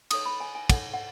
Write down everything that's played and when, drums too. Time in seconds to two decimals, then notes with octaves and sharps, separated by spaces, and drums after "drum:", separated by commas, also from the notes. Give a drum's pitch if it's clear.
0.11 D#4 A4 C#5 D#6, drum: cymbal
0.26 B5
0.40 G#5
0.55 G#5
0.70 D#4 A4 C#5 F#5, drum: kick, cymbal
0.93 F#5